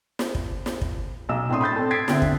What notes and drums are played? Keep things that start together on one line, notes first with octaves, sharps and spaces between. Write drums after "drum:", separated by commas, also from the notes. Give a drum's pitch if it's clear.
drum: snare
drum: kick
drum: snare
drum: kick
B1 D#5 E6 E7
A2 C4 D4 C6 D#6
B5 C6 G6 A6
C4 A4
G5 G#6 A6 B6 C7 D7
D3 C4 E5, drum: snare
drum: kick